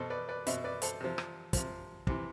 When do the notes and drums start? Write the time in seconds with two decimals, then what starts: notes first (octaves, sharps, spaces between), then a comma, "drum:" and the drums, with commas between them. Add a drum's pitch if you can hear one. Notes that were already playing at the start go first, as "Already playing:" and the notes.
Already playing: B2 A4 C5
0.10 B4 D5
0.29 B4 D5
0.47 B2 C5 E5, drum: hi-hat
0.64 B4 D5
0.82 A4 C5, drum: hi-hat
1.01 C3 F3
1.18 drum: rim click
1.53 C3 F3, drum: kick, hi-hat
2.07 C3 E3, drum: kick